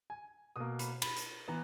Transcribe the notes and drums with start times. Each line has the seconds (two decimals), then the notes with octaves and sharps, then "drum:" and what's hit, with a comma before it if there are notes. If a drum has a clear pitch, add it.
0.10 G#5
0.56 B2 A#3 D#6
0.79 B5, drum: hi-hat
1.02 B5, drum: cymbal
1.16 drum: hi-hat
1.48 E3 B3 A#5